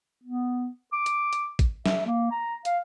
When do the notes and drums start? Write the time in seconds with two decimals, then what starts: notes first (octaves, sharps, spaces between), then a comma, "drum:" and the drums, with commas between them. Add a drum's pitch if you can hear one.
0.23 B3
0.92 D6
1.06 drum: hi-hat
1.33 drum: hi-hat
1.59 drum: kick A1, hi-hat
1.86 E5, drum: snare
2.06 A#3
2.31 A#5
2.65 F5, drum: hi-hat